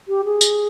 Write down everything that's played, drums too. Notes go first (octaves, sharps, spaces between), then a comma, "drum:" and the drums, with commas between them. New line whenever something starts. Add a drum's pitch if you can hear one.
G4
G#4
drum: tambourine